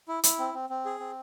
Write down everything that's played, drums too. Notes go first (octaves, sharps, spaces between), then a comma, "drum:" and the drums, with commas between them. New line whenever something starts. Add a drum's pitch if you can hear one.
E4
E4, drum: hi-hat
C4
C4
C4
G#4
C4